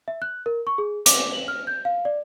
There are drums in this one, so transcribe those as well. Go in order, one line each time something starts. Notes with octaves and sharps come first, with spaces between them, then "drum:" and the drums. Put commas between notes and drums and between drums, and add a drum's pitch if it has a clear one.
E5
F#6
A#4
C#6
G#4
D6, drum: hi-hat
F#7
F6
G6
F5
D5